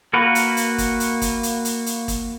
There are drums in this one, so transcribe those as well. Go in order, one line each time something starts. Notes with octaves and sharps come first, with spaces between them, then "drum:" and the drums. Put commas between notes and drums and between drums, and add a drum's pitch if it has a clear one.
A#3 F#4 A#4 B4
drum: hi-hat
drum: hi-hat
drum: kick, hi-hat
drum: hi-hat
drum: kick, hi-hat
drum: hi-hat
drum: hi-hat
drum: hi-hat
drum: kick, hi-hat